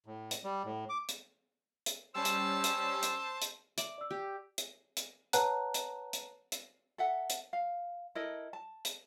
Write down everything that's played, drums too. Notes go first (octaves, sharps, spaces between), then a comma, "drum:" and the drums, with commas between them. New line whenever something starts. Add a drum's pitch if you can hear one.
A2
drum: hi-hat
G3
A2
D6
drum: hi-hat
drum: hi-hat
G3 C#4 C5 A5 E6
drum: hi-hat
drum: hi-hat
drum: hi-hat
drum: hi-hat
D5 E5, drum: hi-hat
D5 E6
G4
drum: hi-hat
drum: hi-hat
B4 C#5 F#5 A5 A#5 F#6, drum: hi-hat
drum: hi-hat
drum: hi-hat
drum: hi-hat
A4 E5 F#5
drum: hi-hat
F5
E4 A4 A#4 D#5
A5
drum: hi-hat